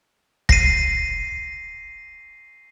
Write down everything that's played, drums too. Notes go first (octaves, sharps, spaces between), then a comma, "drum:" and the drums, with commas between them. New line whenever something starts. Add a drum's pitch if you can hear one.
A#6 C7 D#7, drum: kick